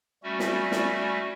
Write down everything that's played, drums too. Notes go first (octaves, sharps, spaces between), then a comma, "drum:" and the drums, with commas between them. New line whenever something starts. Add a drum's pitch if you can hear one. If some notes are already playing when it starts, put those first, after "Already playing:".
G3 A3 C#4 F#4
drum: snare
drum: snare